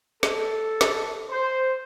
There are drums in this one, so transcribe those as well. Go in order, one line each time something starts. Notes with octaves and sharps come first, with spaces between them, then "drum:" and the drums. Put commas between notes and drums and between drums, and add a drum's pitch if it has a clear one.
A4, drum: snare
drum: snare
C5